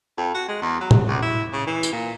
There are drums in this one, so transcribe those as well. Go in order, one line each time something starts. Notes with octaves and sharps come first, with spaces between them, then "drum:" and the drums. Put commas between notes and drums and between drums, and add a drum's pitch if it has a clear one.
F2
F#4
G#3
E2
F#3
drum: tom A2
C#2
E4
C#3
E3
drum: tambourine
A#2